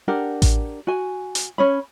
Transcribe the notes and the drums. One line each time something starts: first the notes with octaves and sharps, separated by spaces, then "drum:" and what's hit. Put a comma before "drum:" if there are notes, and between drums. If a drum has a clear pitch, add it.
D4 G4 A#4 F#5
drum: kick A1, hi-hat
F#4 G#5
drum: hi-hat
C#4 C#5 B5